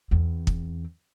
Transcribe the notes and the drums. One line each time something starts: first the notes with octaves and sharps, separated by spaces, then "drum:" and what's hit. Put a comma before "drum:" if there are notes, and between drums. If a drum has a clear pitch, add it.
E2 C4
drum: kick